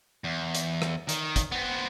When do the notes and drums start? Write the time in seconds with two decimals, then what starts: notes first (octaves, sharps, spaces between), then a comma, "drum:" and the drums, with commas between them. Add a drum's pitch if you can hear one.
0.24 E2
0.55 drum: hi-hat
0.82 drum: rim click
1.09 D#3, drum: hi-hat
1.36 drum: kick G1, hi-hat
1.52 B3 C4